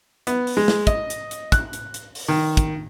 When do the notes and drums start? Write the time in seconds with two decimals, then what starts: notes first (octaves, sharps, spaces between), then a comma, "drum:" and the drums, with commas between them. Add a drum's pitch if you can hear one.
0.27 B3, drum: hi-hat
0.47 drum: open hi-hat
0.57 G#3
0.68 drum: snare
0.87 D#5, drum: kick, hi-hat
1.10 drum: hi-hat
1.31 drum: hi-hat
1.52 F#6, drum: kick, hi-hat
1.73 drum: hi-hat
1.94 drum: hi-hat
2.15 drum: open hi-hat
2.28 D#3
2.57 drum: kick, hi-hat